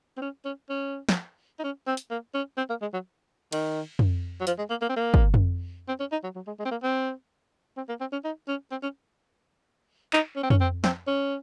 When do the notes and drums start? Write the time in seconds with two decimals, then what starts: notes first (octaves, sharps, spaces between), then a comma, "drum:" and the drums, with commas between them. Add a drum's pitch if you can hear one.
0.17 C4
0.22 C#4
0.45 C#4
0.69 C#4
1.09 drum: snare
1.59 D#4
1.63 C#4
1.87 C4
1.97 drum: hi-hat
2.10 A#3
2.34 C#4
2.57 C4
2.70 A#3
2.81 G#3
2.93 F#3
3.52 D#3, drum: cymbal
3.99 drum: tom F2
4.40 F#3
4.47 F3, drum: hi-hat
4.58 G#3
4.70 A#3
4.82 A#3
4.89 C4
4.96 A#3
5.14 drum: kick
5.34 drum: tom F2
5.88 C4
6.00 C#4
6.12 D#4
6.23 F#3
6.35 F#3
6.47 G#3
6.59 G#3
6.65 C4
6.71 A#3
6.83 C4
7.77 C4
7.89 A#3
8.00 C4
8.12 C#4
8.24 D#4
8.48 C#4
8.71 C4
8.83 C#4
10.13 D#4, drum: clap
10.36 C#4
10.43 C4
10.50 C#4, drum: tom F2
10.60 C4
10.84 C4, drum: snare
11.07 C#4